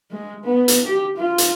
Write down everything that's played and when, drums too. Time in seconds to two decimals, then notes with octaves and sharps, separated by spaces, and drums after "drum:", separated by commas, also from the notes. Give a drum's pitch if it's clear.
0.11 G#3
0.44 B3
0.68 drum: hi-hat
0.86 G4
1.17 F4
1.38 drum: hi-hat